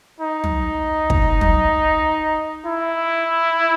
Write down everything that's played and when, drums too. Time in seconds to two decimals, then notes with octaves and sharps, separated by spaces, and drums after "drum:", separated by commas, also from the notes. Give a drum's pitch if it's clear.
0.21 D#4
0.44 drum: tom
1.10 drum: kick
1.41 drum: tom
2.66 E4